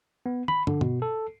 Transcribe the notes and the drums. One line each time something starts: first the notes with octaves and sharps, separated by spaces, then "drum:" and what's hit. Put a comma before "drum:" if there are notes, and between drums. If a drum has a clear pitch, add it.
B3
B5, drum: tom
D3, drum: tom
B2, drum: tom
A4